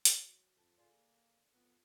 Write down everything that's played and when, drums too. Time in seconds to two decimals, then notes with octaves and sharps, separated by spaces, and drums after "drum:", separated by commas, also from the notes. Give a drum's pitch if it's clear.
0.05 F#3, drum: hi-hat
0.57 F2 A5
0.78 D3 F4 G#4 D5
0.91 A#3
1.54 F2 B3